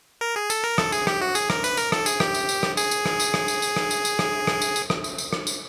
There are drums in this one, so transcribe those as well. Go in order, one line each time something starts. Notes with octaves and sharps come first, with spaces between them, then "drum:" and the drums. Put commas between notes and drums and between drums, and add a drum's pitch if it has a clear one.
A#4
G#4
A4, drum: tambourine
A#4
A4, drum: rim click
G#4, drum: tambourine
G4, drum: rim click
F#4
G#4, drum: tambourine
A#4, drum: rim click
B4, drum: tambourine
A#4, drum: tambourine
A4, drum: rim click
G#4, drum: tambourine
G4, drum: rim click
drum: tambourine
drum: tambourine
drum: rim click
G#4, drum: tambourine
drum: tambourine
drum: rim click
drum: tambourine
drum: rim click
drum: tambourine
drum: tambourine
drum: rim click
drum: tambourine
drum: tambourine
drum: rim click
drum: rim click
drum: tambourine
drum: tambourine
drum: rim click
drum: tambourine
drum: tambourine
drum: rim click
drum: tambourine